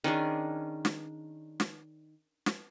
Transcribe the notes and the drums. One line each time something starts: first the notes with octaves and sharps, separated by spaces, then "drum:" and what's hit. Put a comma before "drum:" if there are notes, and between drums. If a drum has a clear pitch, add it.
D#3 C#4 D4 G#4
drum: snare
drum: snare
drum: snare